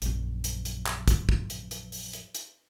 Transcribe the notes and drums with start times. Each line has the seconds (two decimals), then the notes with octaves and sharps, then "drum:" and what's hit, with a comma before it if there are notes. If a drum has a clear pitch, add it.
0.02 A#1 F#2, drum: hi-hat
0.44 drum: hi-hat
0.65 drum: hi-hat
0.86 drum: clap
1.08 drum: kick, hi-hat
1.29 drum: kick
1.50 drum: hi-hat
1.71 drum: hi-hat
1.92 drum: open hi-hat
2.13 drum: hi-hat
2.34 drum: hi-hat